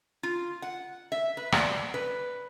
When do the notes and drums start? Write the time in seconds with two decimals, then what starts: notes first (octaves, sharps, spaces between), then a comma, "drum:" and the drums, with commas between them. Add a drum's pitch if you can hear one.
0.23 F4
0.62 F#5
1.12 E5
1.37 B4
1.52 D5, drum: rim click
1.94 B4